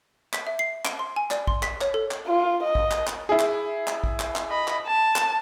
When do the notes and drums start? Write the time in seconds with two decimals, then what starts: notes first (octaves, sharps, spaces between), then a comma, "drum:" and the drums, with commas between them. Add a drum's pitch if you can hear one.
0.33 B6, drum: clap
0.47 E5
0.59 C7
0.85 D7, drum: clap
0.99 C6
1.16 G#5
1.31 D5, drum: clap
1.47 C6, drum: kick
1.63 B6, drum: clap
1.81 C#5, drum: clap
1.94 A4
2.11 drum: clap
2.26 F4
2.63 D#5
2.75 drum: kick
2.91 drum: clap
3.07 drum: clap
3.29 E4 G#4
3.39 drum: clap
3.88 drum: clap
4.04 drum: kick
4.20 drum: clap
4.36 drum: clap
4.50 D#5 B5
4.68 drum: clap
4.87 A5
5.16 drum: clap